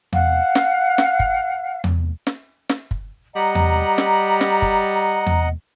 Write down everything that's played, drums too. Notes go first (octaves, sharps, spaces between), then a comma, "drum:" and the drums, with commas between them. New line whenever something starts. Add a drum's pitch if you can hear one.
F5 F#5, drum: tom E2
drum: snare
drum: snare
drum: kick F#1
drum: tom E2
drum: snare
drum: snare
drum: kick F#1
G3 D#5 F#5 A#5
drum: tom E2
drum: snare
drum: snare
drum: kick F#1
drum: tom E2